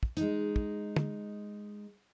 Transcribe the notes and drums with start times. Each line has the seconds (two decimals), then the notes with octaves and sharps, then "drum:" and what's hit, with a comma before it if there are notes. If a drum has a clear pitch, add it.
0.03 drum: kick
0.17 G#3 D#4, drum: hi-hat
0.56 drum: kick
0.96 drum: tom